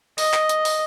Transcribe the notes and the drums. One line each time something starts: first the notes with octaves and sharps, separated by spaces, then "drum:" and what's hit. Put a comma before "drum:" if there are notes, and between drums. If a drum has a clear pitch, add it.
D#5, drum: open hi-hat
drum: clap
drum: hi-hat
drum: open hi-hat